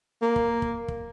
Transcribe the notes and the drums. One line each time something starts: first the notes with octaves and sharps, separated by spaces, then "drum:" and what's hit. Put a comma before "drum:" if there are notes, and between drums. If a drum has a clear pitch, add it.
A#3
drum: kick
drum: kick
drum: kick